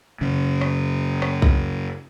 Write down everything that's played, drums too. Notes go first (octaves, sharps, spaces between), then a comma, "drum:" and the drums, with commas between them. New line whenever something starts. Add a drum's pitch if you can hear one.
F#2 C#3
drum: rim click
drum: rim click
drum: kick C2